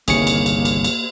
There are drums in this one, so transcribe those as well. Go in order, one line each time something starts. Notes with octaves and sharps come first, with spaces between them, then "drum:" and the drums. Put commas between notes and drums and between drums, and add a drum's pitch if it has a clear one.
G1 C2 D#3 A#3 G#4 C#5 C#7, drum: cymbal
drum: cymbal
drum: cymbal
drum: cymbal
drum: cymbal